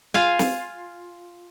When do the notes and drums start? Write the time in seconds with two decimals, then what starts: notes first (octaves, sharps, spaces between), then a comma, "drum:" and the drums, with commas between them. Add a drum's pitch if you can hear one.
0.14 F4 F5 G#5
0.39 drum: snare